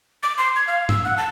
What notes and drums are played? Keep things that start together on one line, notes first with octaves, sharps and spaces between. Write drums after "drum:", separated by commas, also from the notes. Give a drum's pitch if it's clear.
D6
C6
G#6
F5
E6, drum: tom G#2
F#5
A5